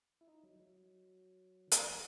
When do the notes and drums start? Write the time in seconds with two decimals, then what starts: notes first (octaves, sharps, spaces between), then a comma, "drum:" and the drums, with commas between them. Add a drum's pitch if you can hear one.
0.21 E4
0.27 D#4
0.43 F#3
0.60 F#3
1.67 D#3
1.72 E3, drum: hi-hat